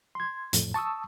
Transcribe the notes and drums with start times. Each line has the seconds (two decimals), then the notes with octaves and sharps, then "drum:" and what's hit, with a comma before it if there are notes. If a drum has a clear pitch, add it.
0.15 C6 G#6
0.53 F2 A2, drum: hi-hat
0.74 A5 C#6 D#6 E6